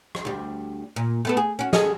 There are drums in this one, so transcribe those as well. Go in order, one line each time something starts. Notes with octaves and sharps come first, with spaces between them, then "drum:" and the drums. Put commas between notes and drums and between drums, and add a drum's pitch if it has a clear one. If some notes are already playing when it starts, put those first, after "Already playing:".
drum: rim click
D2 G3
A#2
A3 B3 A4
G#4
C#4 F#4
G#4 A4 D#5, drum: snare